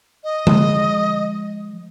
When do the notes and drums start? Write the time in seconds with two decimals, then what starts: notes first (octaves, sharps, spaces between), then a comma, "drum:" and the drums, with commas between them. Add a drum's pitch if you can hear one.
0.24 D#5
0.47 F3 G#3, drum: tom D3